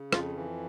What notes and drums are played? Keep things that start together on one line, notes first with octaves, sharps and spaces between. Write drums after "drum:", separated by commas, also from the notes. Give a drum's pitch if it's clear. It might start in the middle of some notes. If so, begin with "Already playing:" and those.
Already playing: C#3
F2 F4, drum: rim click
E3